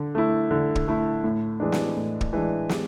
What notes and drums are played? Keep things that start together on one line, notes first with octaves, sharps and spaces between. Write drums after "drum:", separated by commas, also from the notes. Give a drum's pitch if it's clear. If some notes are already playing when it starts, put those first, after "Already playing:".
Already playing: D3
A3 E4
D3
drum: kick
A3 E4
A2
E3 G#3 D4
drum: snare
A2
drum: kick
E3 G#3 D4
G#3, drum: snare